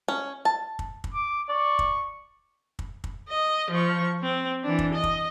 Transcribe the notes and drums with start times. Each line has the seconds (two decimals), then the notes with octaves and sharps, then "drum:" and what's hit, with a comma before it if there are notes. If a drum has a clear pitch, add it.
0.08 C#4
0.45 A5
0.79 drum: kick
1.04 drum: kick
1.14 D6
1.49 D5 C#6
1.79 drum: kick
2.79 drum: kick
3.04 drum: kick
3.29 D#5
3.71 F3 C#6
4.22 C4
4.64 E3 D4
4.79 drum: kick
4.94 D#5
5.04 drum: kick